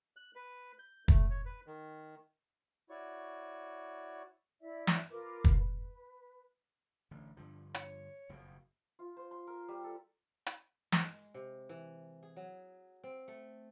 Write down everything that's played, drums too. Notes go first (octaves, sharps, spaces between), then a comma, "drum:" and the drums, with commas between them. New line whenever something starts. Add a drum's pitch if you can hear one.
F#6
B4
G6
A3, drum: kick
C#5
B4
D#3
E4 F#4 C#5 D5 C#6
E4 D5 E5
drum: snare
F4 A#4 B4 D6
drum: kick
B4
A1 D3
G2 D3 F3
C#5, drum: hi-hat
F#1 F2 B2
F4
C5
C6
A#4
G3
A4
drum: hi-hat
G#3, drum: snare
C3
E3
G#4
F#3
C4
A3